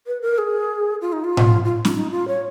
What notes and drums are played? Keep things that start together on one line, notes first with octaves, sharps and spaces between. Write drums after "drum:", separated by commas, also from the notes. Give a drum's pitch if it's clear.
B4
A#4
G#4
F4
D#4
F4
drum: tom A2
F4
D#4, drum: snare C#4
D#4
F4
C#5